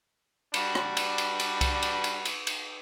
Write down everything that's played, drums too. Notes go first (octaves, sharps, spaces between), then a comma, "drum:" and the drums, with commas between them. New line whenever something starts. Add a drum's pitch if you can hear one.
G3 D4 F#4 B5, drum: cymbal
drum: rim click
drum: cymbal
drum: cymbal
drum: cymbal
drum: kick C2, cymbal
drum: cymbal
drum: cymbal
drum: cymbal
drum: cymbal